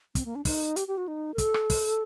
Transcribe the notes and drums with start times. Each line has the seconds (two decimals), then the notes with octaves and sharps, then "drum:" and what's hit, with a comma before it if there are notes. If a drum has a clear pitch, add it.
0.15 C4, drum: kick, hi-hat
0.25 A#3
0.35 D4
0.45 D#4, drum: kick, open hi-hat
0.76 G4, drum: hi-hat
0.88 G4
0.97 F#4
1.08 D#4
1.34 A#4
1.38 A4, drum: kick, hi-hat
1.54 drum: rim click
1.70 drum: kick, open hi-hat